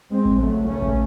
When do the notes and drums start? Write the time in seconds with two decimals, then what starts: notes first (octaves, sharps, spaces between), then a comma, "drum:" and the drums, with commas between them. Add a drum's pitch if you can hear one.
0.11 G#3 C4
0.25 drum: kick A1
0.40 C#2 C#3 F#3 A3
0.68 A3 C#4
0.82 drum: kick A1